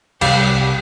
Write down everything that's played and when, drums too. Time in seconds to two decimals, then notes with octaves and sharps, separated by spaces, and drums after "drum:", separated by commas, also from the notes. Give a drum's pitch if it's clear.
0.21 C2 G3 G4 F5 G5, drum: cymbal